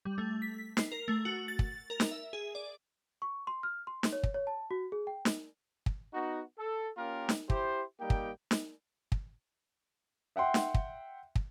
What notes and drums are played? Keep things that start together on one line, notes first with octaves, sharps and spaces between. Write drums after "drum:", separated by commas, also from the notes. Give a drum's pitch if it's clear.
G3
A3
B6
C7, drum: snare
A#4
A3
F#4
A6
drum: kick
A#4
drum: snare
E5
G#4
D5
C#6
C6
F6
C6
drum: snare
C#5
drum: kick
C#5
A5
F#4
G#4
G5
drum: snare
drum: kick
B3 D#4 F#4
A4
A#3 C#4 F4 G4 A#4
drum: snare
E4 G4 C5, drum: kick
G3 A#3 D#4 G4 G5
drum: kick
drum: snare
drum: kick
E5 F#5 G5 C6
drum: snare
drum: kick
drum: kick